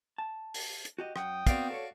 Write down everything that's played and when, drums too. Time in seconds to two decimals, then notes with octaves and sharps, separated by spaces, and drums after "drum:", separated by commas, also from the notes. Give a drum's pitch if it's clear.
0.18 A5
0.54 drum: open hi-hat
0.85 drum: hi-hat
0.98 F#4 G4 D#5
1.16 F#2 F#5 G5 D#6, drum: rim click
1.47 B3 C4 F#4 D5 F5, drum: kick, hi-hat
1.70 A4 C5 C#5